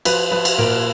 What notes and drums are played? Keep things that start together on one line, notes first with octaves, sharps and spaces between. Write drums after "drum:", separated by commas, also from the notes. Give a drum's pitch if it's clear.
F3 B4, drum: cymbal
F3 B4
drum: cymbal
A#2 A#4